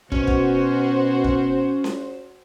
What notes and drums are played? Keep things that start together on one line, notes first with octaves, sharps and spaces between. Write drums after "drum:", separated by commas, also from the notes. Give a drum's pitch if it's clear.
B2 C#4 F#4 C5, drum: kick
drum: kick
drum: kick
drum: snare C#4